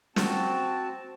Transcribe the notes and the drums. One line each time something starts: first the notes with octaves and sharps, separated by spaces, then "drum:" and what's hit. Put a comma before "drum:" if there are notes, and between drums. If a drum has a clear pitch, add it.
C4 F#4 A5, drum: snare